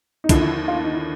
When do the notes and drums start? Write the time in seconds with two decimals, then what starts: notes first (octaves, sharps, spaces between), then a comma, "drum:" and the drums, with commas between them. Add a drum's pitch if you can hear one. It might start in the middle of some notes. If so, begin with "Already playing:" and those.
0.24 D#4
0.29 D#2 D3 F3 E4, drum: kick, hi-hat
0.41 E4
0.54 E4
0.68 F4
0.75 E4
0.84 D#4
0.93 E4